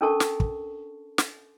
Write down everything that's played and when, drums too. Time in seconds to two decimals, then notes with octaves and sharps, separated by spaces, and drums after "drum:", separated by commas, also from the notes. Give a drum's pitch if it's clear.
0.01 C#4 D4 A4 A#4 A5 C#6
0.20 drum: snare
0.40 drum: kick
1.18 drum: snare